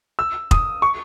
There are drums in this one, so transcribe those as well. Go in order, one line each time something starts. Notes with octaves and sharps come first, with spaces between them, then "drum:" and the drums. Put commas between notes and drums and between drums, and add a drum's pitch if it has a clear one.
E6
D#6, drum: kick F1
C#6